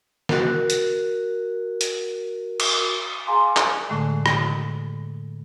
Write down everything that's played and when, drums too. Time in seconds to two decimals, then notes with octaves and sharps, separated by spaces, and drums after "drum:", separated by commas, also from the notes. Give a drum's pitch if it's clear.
0.29 F#4 A#4, drum: snare
0.70 drum: hi-hat
1.81 drum: hi-hat
2.60 drum: cymbal
3.27 G#4 F5 G#5 A#5 C6 D6
3.56 drum: clap
3.89 A2 D3 G#3 A3
4.26 drum: rim click